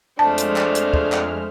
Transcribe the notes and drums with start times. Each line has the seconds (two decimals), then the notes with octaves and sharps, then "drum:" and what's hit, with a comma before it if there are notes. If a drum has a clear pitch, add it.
0.19 F2 G#3 A3 D4 C5 A5 F6
0.38 drum: hi-hat
0.56 drum: clap
0.75 drum: hi-hat
0.94 drum: kick
1.12 drum: clap